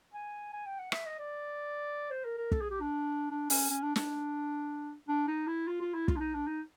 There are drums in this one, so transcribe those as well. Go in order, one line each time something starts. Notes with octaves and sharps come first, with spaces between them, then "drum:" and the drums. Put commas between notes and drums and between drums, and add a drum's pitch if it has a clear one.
G#5
G#5
G5
F#5
E5, drum: rim click
D#5
D5
C5
A#4
A#4
A4, drum: kick
G#4
G4
D4
D4
C#4, drum: open hi-hat
C#4
D4
D4, drum: snare
D4
D#4
E4
F4
F4
E4
F4, drum: kick
D4
D#4
D4
D#4